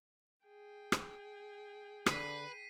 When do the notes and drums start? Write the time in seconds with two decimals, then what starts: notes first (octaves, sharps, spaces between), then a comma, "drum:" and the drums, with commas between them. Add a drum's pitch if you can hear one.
0.46 G#4 G5
0.92 drum: rim click
2.06 D3 B4 B6 C7 D#7, drum: rim click